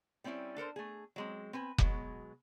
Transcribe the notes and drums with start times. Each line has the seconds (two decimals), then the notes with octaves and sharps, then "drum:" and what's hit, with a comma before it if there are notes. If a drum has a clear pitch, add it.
0.24 G3 C4 C#4 D#4 E4
0.56 D4 A4 A#4 C5
0.76 A3 G#4
1.16 F#3 G#3 C4
1.53 C4 B4 G#5
1.78 B2 F#3 G#3, drum: kick F1